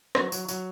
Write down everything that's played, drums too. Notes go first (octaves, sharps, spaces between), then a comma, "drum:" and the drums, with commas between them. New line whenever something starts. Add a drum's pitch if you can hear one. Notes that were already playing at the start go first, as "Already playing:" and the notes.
F#3, drum: rim click
F#3, drum: tambourine
F#3, drum: tambourine